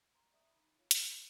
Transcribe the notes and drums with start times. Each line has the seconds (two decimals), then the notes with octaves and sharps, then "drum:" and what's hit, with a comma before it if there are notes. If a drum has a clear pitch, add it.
0.14 A#5 C6
0.32 D5 E5 A#5 D#6
0.51 D#4 B5
0.78 F4 C#5 F5
0.91 E6 G#6, drum: hi-hat
1.10 C6